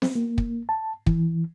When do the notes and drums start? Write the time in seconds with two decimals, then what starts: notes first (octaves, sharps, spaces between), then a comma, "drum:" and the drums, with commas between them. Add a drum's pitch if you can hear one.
0.02 C4, drum: snare B3
0.15 A#3
0.38 drum: kick
0.69 A5
1.06 E3, drum: kick